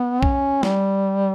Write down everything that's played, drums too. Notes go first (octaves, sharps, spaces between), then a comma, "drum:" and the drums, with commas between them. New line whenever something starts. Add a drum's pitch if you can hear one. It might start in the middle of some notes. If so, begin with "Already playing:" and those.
Already playing: B3
C#4, drum: kick B1
G3, drum: snare